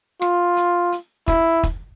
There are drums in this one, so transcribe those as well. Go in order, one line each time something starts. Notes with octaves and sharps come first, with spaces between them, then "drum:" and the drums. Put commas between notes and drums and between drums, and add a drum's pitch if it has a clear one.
F4, drum: rim click
drum: hi-hat
drum: hi-hat
E4, drum: kick, hi-hat
drum: kick, hi-hat